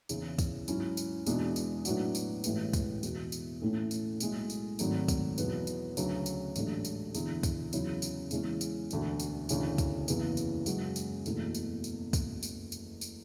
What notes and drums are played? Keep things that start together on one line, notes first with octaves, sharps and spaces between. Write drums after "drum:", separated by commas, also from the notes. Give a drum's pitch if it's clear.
E2 C#3 E3, drum: tambourine
drum: kick, tambourine
G#2 F#3 C#4 E4, drum: tambourine
drum: tambourine
E2 B2 G#3 D4, drum: tambourine
drum: tambourine
A2 F#3 B3 D4 F#4, drum: tambourine
drum: tambourine
A1 A2 G#3 B3, drum: tambourine
drum: kick, tambourine
E1 E2 B2, drum: tambourine
drum: tambourine
A2 E3 A3 C#4
drum: tambourine
B1 A2 G#3, drum: tambourine
drum: tambourine
G#1 G#2 F#3 A3, drum: tambourine
drum: kick, tambourine
E2 B2 F#3 B3, drum: tambourine
drum: tambourine
D2 C#3 F#3 C#4, drum: tambourine
drum: tambourine
A1 G#2 F#3 A3 D4, drum: tambourine
drum: tambourine
E1 E2 D3, drum: tambourine
drum: kick, tambourine
E2 C#3 F#3 C#4 E4, drum: tambourine
drum: tambourine
E2 C#3 E3 G#3 C#4, drum: tambourine
drum: tambourine
E1 D2 D3, drum: tambourine
drum: tambourine
E1 D2 C#3 E3, drum: tambourine
drum: kick, tambourine
F#1 E2 C#3 E3 B3, drum: tambourine
drum: tambourine
F#2 C#3 G#3 C#4 F#4, drum: tambourine
drum: tambourine
F#1 E2 B2 A3, drum: tambourine
drum: tambourine
drum: tambourine
drum: kick, tambourine
drum: tambourine
drum: tambourine
drum: tambourine